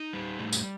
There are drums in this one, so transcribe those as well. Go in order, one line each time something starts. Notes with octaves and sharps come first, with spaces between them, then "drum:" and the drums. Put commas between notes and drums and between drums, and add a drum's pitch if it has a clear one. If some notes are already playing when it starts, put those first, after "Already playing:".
Already playing: D#4
G3
A2
drum: tambourine